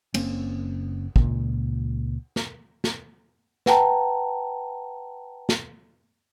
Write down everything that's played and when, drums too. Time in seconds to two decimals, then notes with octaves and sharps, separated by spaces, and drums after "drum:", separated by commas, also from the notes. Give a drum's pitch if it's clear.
0.14 F#1 A#3 C4 C#4, drum: cymbal
1.16 C#2 A#2, drum: kick
2.36 drum: snare
2.84 drum: snare
3.66 B4 F#5 G5 A5 A#5, drum: snare
5.49 drum: snare